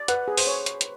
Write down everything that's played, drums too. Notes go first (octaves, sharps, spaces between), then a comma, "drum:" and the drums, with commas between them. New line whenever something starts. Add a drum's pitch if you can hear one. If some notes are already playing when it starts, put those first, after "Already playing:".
Already playing: D5
B4 F#5, drum: hi-hat
G#4
C5, drum: open hi-hat
C#5
drum: hi-hat
drum: hi-hat